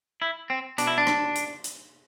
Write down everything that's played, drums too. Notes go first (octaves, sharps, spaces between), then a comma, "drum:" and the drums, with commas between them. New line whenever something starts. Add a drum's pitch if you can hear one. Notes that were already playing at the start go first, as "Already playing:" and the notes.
E4
C4
B2 D4, drum: hi-hat
E4
D4
drum: rim click
drum: hi-hat
drum: hi-hat